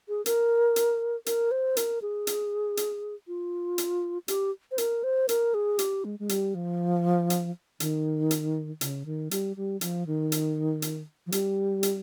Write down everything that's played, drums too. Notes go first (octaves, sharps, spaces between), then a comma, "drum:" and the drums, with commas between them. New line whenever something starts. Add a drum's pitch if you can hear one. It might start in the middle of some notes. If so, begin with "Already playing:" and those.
G#4
A#4, drum: hi-hat
drum: hi-hat
A#4, drum: hi-hat
C5
A#4, drum: hi-hat
G#4
drum: hi-hat
drum: hi-hat
F4
drum: hi-hat
G4, drum: hi-hat
C5
A#4, drum: hi-hat
C5
A#4, drum: hi-hat
G#4
G4, drum: hi-hat
G#3
G#3
G3, drum: hi-hat
F3
drum: hi-hat
D#3, drum: hi-hat
drum: hi-hat
C#3, drum: hi-hat
D#3
G3, drum: hi-hat
G3
F3, drum: hi-hat
D#3
drum: hi-hat
drum: hi-hat
F3
G3, drum: hi-hat
drum: hi-hat